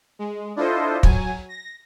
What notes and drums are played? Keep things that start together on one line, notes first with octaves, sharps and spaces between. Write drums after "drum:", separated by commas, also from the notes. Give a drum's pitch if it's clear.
G#3
D4 E4 F4 A4 C5 D#5
F#3 G#5, drum: kick
A#6